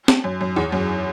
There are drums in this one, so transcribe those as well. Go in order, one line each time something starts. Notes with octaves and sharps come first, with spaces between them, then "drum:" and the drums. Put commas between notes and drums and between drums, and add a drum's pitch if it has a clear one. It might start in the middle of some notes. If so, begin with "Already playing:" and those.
drum: snare
F#2
F#2
E2
F#2